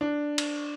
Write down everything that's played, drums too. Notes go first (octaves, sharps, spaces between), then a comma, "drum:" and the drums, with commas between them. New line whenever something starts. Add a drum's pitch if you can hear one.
D4
drum: cymbal